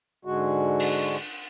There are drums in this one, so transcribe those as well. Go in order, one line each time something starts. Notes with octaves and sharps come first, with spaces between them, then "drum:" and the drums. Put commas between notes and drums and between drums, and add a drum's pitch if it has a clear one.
G#2 D3 G#3 F#4
drum: cymbal